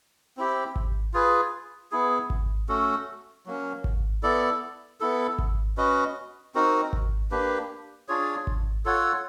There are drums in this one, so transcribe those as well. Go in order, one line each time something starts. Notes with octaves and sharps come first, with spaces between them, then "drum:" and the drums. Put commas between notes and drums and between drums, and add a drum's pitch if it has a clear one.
C4 E4 G4
drum: kick G#1
F4 G#4 B4
B3 E4 G#4
drum: kick G#1
A3 C#4 F#4 A4
F#3 A#3 C#4
drum: kick G#1
B3 E4 A4 D5
B3 E4 A4
drum: kick G#1
C#4 F#4 B4 D#5
C4 D#4 F#4 A#4
drum: kick G#1
A#3 D4 G4 B4
D4 F4 G#4 C#5
drum: kick G#1
F4 A4 C#5 F#5